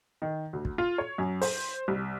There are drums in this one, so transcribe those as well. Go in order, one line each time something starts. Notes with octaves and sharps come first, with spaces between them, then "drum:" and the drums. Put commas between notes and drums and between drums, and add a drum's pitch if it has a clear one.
D#3
D2
drum: kick
F4
C#5
F#2
C5, drum: open hi-hat
C2